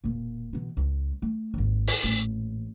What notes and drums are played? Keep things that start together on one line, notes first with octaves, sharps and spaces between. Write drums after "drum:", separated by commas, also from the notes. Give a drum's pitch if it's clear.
E1 A#2
B2 E3
C#2
A3
G#1 D#2
drum: open hi-hat
A1 A#2